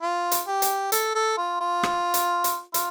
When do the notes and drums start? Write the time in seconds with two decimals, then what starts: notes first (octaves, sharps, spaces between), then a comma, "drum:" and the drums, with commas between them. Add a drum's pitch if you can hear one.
0.01 F4
0.32 drum: hi-hat
0.47 G4
0.62 drum: hi-hat
0.92 A4, drum: hi-hat
1.15 A4
1.37 F4
1.61 F4
1.83 drum: rim click
2.14 drum: hi-hat
2.44 drum: hi-hat
2.74 F4, drum: hi-hat